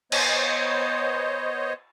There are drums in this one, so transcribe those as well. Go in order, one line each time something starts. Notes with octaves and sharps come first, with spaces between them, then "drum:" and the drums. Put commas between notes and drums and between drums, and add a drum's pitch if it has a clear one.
B3 C5 C#5 D#5, drum: cymbal